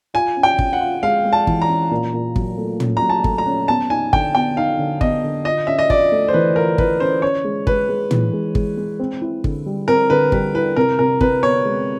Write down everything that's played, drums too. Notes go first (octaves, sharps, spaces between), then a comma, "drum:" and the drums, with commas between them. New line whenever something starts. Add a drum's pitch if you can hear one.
F4 G#5
C#4
G5
C#4, drum: kick
F#5
F4
G#3 F5
G#3
A5
E3, drum: kick
A#5
C#4
A#2
A#2
F#3, drum: kick
A3
C#4, drum: tom
A#5
F#3
A5
A3, drum: kick
A#5
C#4
B3 A5
D#4 G#5
D3 G5, drum: kick
B3 G5
D#4 F5
D3
B3 D#5, drum: kick
D3
F4 D#5
C#4 E5
D#5
F4 D5, drum: kick
A3
C5
E3 B4
F4 A#4
E3 B4, drum: kick
C#4 C5
C#4 C#5
G#3
G#3 B4, drum: kick
G#3
E3, drum: tom
G#3
G#3, drum: kick
G#3
C4
E4
D3, drum: kick
G3
C4 A#4
D3 B4
G3 B4, drum: kick
E4 B4
C3 A#4
C3 A#4
C3 B4, drum: kick
B3 C#5
G#3